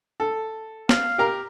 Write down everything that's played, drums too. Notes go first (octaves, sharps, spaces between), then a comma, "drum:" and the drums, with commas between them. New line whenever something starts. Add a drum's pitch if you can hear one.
A4
F5, drum: snare
G4 A#4 A#5